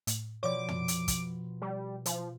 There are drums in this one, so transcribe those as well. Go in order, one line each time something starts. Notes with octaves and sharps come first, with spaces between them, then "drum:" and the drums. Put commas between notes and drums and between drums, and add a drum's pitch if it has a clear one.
A2, drum: hi-hat
B2 F3 C#5 D5 D6
drum: tom
drum: hi-hat
drum: kick, hi-hat
G3
F3, drum: hi-hat